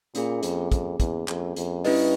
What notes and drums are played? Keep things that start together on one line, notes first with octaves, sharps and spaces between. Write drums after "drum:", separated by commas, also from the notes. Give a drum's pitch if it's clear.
A#2 A#3 C#4 F4 G#4, drum: hi-hat
F2, drum: hi-hat
F2, drum: kick, hi-hat
E2, drum: kick, hi-hat
F2, drum: clap
F2, drum: hi-hat
G2 C#4 E4 G4 B4 D#5, drum: open hi-hat